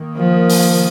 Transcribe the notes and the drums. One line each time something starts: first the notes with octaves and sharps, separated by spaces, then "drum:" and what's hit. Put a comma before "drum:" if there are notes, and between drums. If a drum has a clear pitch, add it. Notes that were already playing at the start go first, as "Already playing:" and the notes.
Already playing: D#3 A#3
F3
drum: open hi-hat